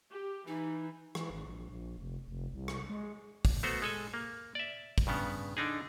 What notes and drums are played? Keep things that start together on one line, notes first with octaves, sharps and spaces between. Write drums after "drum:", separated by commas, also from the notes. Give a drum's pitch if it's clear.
G4
E3 D#4
E3, drum: rim click
G#1
A#1
A#1
F1
F1
C2
drum: rim click
G#3
drum: kick, open hi-hat
A3 B3 F#4 C5
G#3 A4 G#5
A#3
D5 E5
drum: kick, open hi-hat
G2 C#3 B3
D3 D4 D#4 G#4